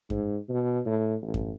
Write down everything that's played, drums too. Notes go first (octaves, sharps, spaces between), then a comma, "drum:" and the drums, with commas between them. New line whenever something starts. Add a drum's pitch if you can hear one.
G#2, drum: kick F#2
B2
A2
A1
drum: kick F#2